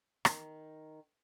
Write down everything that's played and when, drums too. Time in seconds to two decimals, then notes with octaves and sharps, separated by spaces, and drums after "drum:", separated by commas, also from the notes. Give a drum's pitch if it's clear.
0.25 D#3, drum: rim click